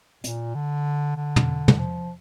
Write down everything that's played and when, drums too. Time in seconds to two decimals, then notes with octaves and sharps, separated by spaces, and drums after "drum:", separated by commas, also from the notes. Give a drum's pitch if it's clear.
0.24 A#2, drum: hi-hat
0.55 D3
1.16 D3
1.36 drum: tom
1.68 drum: tom
1.79 F3